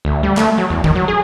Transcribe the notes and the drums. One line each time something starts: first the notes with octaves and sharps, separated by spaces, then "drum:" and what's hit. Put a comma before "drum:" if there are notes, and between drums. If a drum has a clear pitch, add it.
D2
G3
A3, drum: clap
F#3
E2
D#3, drum: kick
F#3
G#4